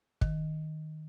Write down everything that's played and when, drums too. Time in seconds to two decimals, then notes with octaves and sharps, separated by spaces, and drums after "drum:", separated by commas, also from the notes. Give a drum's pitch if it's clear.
0.21 D#3, drum: kick